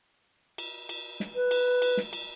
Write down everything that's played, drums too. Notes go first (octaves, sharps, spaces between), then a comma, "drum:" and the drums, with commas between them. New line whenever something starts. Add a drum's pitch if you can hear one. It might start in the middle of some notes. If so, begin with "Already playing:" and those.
drum: cymbal
drum: cymbal
drum: snare
B4
drum: cymbal
drum: cymbal
drum: snare
drum: cymbal